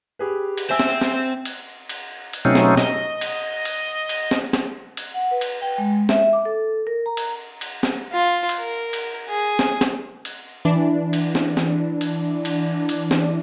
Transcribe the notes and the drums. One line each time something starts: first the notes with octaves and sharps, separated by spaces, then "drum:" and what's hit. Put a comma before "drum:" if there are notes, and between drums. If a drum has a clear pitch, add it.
G4 G#4 B4
drum: cymbal
C4 E5 G#5 E6
drum: snare
drum: snare
drum: cymbal
drum: cymbal
drum: cymbal
B2 F#3 A3 C4 C#4 D#4
drum: snare
D#5, drum: snare
drum: cymbal
drum: cymbal
drum: cymbal
drum: snare
drum: snare
drum: cymbal
F#5
B4
drum: cymbal
G5
G#3
E5, drum: snare
D6
A4
A#4
A#5
drum: cymbal
drum: cymbal
drum: snare
F4
drum: cymbal
A#4
drum: cymbal
G#4
drum: snare
drum: snare
drum: cymbal
E3 D4
drum: cymbal
drum: snare
drum: snare
drum: cymbal
drum: cymbal
drum: cymbal
drum: snare